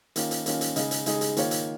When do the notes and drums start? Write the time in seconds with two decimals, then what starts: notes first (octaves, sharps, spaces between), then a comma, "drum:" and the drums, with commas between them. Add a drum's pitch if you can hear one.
0.16 D#3 A#3 C#4 F4, drum: hi-hat
0.31 drum: hi-hat
0.46 D#3 A#3 C#4 F4, drum: hi-hat
0.61 drum: hi-hat
0.76 C#3 G#3 D#4 G#4 D#5, drum: hi-hat
0.91 drum: hi-hat
1.06 C#3 G#3 D#4 G#4 D#5, drum: hi-hat
1.21 drum: hi-hat
1.37 D#3 A#3 F4 C#5, drum: hi-hat
1.51 drum: hi-hat